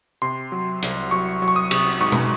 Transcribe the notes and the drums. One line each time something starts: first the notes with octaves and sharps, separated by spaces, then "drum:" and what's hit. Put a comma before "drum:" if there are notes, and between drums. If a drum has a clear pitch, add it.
C3 C6
F#3
C2, drum: hi-hat
F#3 C#6
F#3
C#6
D#6
C3, drum: cymbal
G#2 C#6
drum: tom B2